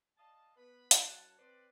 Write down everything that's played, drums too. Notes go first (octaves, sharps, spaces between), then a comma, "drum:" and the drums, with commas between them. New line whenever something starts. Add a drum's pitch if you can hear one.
D5 D#5 F5 A5
B3 B4 B5
drum: hi-hat
F#2 F#4 C#5 A5
C4 B4 C5 D5